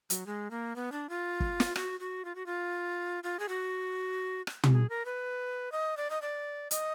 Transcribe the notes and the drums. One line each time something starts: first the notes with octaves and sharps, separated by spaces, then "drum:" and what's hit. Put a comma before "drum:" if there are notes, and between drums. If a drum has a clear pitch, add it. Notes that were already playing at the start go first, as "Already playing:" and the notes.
F#3, drum: hi-hat
G#3
A#3
B3
D4
F4
drum: kick
drum: snare
F#4, drum: rim click
F#4
F4
F#4
F4
F4
G#4
F#4
drum: rim click
drum: tom
G#4
A#4
B4
D#5
D5
D#5
D5
D#5, drum: hi-hat